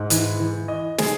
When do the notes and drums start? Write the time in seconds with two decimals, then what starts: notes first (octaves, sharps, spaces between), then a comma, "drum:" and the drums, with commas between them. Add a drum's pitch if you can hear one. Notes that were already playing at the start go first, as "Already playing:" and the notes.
Already playing: G#2
0.10 E3, drum: hi-hat
0.40 E3
0.68 D#5
0.98 G#4, drum: snare